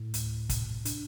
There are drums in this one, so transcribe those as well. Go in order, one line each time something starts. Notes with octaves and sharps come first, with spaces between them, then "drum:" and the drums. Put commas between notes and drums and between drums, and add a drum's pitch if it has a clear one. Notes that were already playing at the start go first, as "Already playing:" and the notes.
Already playing: A2
D2, drum: hi-hat
C3, drum: kick, hi-hat
D4, drum: hi-hat